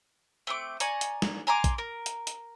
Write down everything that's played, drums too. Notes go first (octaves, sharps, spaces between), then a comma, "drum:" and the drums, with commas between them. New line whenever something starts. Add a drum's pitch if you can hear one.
A3 C4 D6
D5 G#5 A#5 C#6, drum: hi-hat
drum: hi-hat
drum: snare
G#5 A#5 C6 D6
drum: kick, hi-hat
A#4
drum: hi-hat
drum: hi-hat